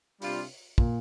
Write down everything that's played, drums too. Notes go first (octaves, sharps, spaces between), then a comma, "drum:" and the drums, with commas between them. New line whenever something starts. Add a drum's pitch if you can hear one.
C3 G3 D4 F4, drum: open hi-hat
A#2, drum: kick